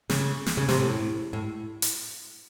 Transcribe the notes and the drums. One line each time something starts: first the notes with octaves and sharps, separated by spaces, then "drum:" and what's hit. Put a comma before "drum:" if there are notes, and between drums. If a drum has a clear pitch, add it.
C#3, drum: snare
drum: snare
C#3
C3, drum: snare
A2
A2
drum: hi-hat